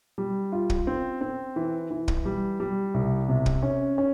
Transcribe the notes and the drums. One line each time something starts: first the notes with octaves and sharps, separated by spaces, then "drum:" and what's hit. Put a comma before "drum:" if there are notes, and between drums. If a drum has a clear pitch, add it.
G3
F4
drum: kick
C4
C4
E3
E3
drum: kick
G3
G3
C2
C3
drum: kick
C#4
C#4